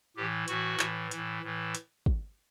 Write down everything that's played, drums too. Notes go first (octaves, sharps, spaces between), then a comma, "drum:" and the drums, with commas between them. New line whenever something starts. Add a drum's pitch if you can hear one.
A2 E3 G4
A2 E3 F#4, drum: hi-hat
A2 E3, drum: clap
A2 E3, drum: hi-hat
A2 E3
drum: hi-hat
drum: kick